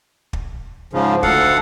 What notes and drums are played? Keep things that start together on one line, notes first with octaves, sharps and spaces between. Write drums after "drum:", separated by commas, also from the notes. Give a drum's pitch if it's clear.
drum: kick
G#2 C#3 F3
D2 A4 F5 F#5, drum: kick